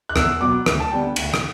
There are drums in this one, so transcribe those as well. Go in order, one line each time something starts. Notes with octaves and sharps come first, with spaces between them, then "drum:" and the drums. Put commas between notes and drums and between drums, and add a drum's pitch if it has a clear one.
F#6
E2 E6, drum: rim click
B2 F#3 B3 D6
D2, drum: rim click
A5
D3 G3 B3 G5
D2, drum: cymbal
drum: rim click